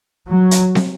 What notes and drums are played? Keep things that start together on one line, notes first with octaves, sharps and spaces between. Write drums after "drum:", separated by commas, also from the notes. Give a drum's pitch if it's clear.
F#3
drum: hi-hat
drum: snare